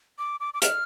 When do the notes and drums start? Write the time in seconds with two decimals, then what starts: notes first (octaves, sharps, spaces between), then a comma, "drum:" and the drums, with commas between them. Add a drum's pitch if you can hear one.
0.19 D6
0.40 D6
0.54 D6
0.62 F6, drum: hi-hat